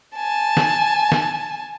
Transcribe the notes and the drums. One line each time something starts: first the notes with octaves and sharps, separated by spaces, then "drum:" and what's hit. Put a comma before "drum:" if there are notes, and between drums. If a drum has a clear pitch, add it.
G#5 A5
drum: snare
drum: snare